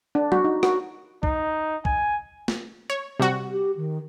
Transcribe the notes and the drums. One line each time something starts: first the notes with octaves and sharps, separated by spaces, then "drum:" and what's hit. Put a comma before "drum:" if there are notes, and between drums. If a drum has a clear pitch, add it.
D4
F#4, drum: tom
D#4
F#4, drum: rim click
D#4, drum: kick B1
G#5, drum: kick B1
drum: snare
C#5
C3 G3 F#4
G4
D#3